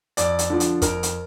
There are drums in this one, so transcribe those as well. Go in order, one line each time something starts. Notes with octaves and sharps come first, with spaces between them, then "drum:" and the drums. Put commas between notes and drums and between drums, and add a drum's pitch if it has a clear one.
F2 D5, drum: hi-hat
drum: hi-hat
D3 F3
drum: hi-hat
F2 A#4, drum: kick, hi-hat
drum: hi-hat